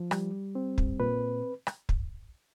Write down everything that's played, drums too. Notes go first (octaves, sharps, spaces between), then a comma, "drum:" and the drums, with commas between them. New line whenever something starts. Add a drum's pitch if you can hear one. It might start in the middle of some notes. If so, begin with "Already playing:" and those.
Already playing: F3
G3, drum: rim click
C4
drum: kick
A#2 B4
drum: rim click
drum: kick